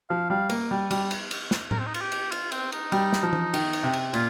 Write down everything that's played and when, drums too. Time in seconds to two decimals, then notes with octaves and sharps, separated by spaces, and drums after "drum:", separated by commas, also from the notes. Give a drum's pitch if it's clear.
0.10 F3 F5
0.30 G3 F5
0.49 A#3, drum: cymbal
0.71 G3
0.91 G3, drum: cymbal
1.11 drum: cymbal
1.31 drum: cymbal
1.51 drum: snare
1.71 A#4, drum: tom A2
1.79 C4
1.86 D#4
1.94 F4, drum: cymbal
2.01 G4
2.12 drum: cymbal
2.32 F4, drum: cymbal
2.52 C4, drum: cymbal
2.72 D#4, drum: cymbal
2.92 G3, drum: cymbal
3.13 drum: snare
3.23 F3
3.33 drum: tom E3
3.54 D#3, drum: cymbal
3.73 drum: cymbal
3.83 C3
3.93 drum: cymbal
4.13 A#2 F4, drum: cymbal